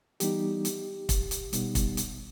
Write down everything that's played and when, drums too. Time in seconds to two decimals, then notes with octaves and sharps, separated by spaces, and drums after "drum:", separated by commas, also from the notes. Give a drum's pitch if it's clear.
0.20 E3 G3 B3 D#4 G4, drum: hi-hat
0.65 drum: hi-hat
1.09 drum: kick, hi-hat
1.31 drum: hi-hat
1.53 B2 G3 B3 D#4, drum: hi-hat
1.75 drum: kick, hi-hat
1.97 drum: hi-hat